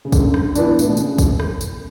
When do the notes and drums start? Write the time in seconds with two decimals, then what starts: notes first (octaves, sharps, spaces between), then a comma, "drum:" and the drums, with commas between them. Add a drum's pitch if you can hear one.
0.05 C#3
0.12 F#2 D3, drum: kick, tambourine
0.34 drum: rim click
0.55 E3 B3 D4, drum: tambourine
0.79 A2, drum: tambourine
0.88 B2
0.97 C#3, drum: tambourine
1.18 drum: kick, tambourine
1.40 drum: rim click
1.61 drum: tambourine